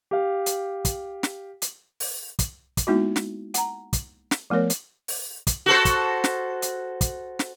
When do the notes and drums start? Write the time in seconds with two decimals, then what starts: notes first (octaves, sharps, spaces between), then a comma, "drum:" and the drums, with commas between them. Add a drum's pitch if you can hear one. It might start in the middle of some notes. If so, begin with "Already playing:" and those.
0.11 G4 F5
0.46 drum: hi-hat
0.85 drum: kick, hi-hat
1.23 drum: snare
1.62 drum: hi-hat
2.00 drum: open hi-hat
2.39 drum: kick, hi-hat
2.77 drum: kick, hi-hat
2.87 G#3 A#3 B3 D#4 E4 F#4
3.16 drum: snare
3.54 F#5 A#5, drum: hi-hat
3.93 drum: kick, hi-hat
4.31 drum: snare
4.50 F3 A3 B3 A#4 C#5
4.70 drum: hi-hat
5.08 drum: open hi-hat
5.47 drum: kick, hi-hat
5.66 F#4 A4 C5
5.85 drum: kick, hi-hat
6.24 drum: snare
6.62 drum: hi-hat
7.01 drum: kick, hi-hat
7.39 drum: snare